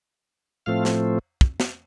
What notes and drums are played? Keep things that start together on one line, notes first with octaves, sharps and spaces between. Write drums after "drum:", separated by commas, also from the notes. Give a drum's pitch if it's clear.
A2 F3 A3 C4 F5
drum: snare
drum: kick
drum: snare